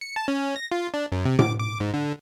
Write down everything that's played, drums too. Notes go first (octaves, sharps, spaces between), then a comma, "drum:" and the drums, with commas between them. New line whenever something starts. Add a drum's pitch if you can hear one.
C#7
A5
C#4
A#6
F4
D4
F#2
C3
D6, drum: tom A2
D6
G#2
D3